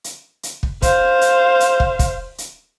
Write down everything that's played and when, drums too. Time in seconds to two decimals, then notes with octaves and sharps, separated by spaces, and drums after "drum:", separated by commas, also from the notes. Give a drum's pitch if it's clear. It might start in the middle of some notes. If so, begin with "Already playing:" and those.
0.04 drum: hi-hat
0.43 drum: hi-hat
0.63 drum: kick
0.82 C5 F5, drum: kick, hi-hat
1.21 drum: hi-hat
1.60 drum: hi-hat
1.80 drum: kick
1.99 drum: kick, hi-hat
2.38 drum: hi-hat